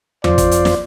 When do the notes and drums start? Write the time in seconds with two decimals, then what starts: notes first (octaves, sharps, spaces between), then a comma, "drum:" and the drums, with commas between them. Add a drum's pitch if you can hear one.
0.24 F2 F4 C5 D5, drum: tom E2
0.38 drum: kick, hi-hat
0.51 drum: hi-hat
0.65 drum: snare